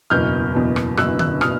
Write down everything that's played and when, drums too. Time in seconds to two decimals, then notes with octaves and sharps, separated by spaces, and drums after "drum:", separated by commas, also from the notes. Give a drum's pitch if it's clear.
0.10 F#1 E2 B2 F6 G6
0.55 F#1 E2 B2
0.76 drum: rim click
0.97 F#1 E2 B2 E6 F#6, drum: rim click
1.19 E6 F#6, drum: tom D3
1.41 B2 D#6 F6, drum: rim click